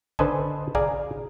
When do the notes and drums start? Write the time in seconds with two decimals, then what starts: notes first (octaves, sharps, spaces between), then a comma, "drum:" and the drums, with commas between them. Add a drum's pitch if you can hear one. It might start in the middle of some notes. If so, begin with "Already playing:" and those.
0.19 D3 B4 C5 D#5 G#5 A5, drum: kick
0.75 G#4 D5 F5 G#5 A#5, drum: kick